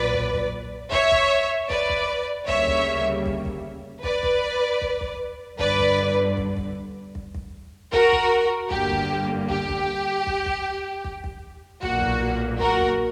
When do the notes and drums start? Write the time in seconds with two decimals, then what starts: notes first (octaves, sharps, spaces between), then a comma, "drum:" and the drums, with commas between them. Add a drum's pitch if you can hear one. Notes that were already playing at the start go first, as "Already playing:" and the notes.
Already playing: B1 A#2 F#3 B4 D5
0.14 drum: kick
0.34 drum: kick
0.92 C#5 E5, drum: kick
1.12 drum: kick
1.70 B4 D5, drum: kick
1.89 drum: kick
2.48 D2 C#3 G3 A#3 C#5 E5, drum: kick
2.67 drum: kick
3.26 drum: kick
3.45 drum: kick
4.03 B4 D5, drum: kick
4.23 drum: kick
4.81 drum: kick
5.01 drum: kick
5.59 G1 G2 D3 B4 D5, drum: kick
5.79 drum: kick
6.37 drum: kick
6.57 drum: kick
7.15 drum: kick
7.34 drum: kick
7.93 F#4 A#4, drum: kick
8.12 drum: kick
8.70 G1 G2 D3 A#3 G4, drum: kick
8.90 drum: kick
9.49 G4, drum: kick
9.68 drum: kick
10.27 drum: kick
10.46 drum: kick
11.04 drum: kick
11.24 drum: kick
11.82 B1 A#2 A#3 F#4, drum: kick
12.02 drum: kick
12.60 F#4 A#4, drum: kick
12.80 drum: kick